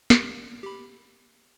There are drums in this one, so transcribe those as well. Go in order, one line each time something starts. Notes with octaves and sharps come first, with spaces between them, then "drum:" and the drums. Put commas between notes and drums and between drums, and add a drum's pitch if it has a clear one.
G4, drum: snare
G4 B5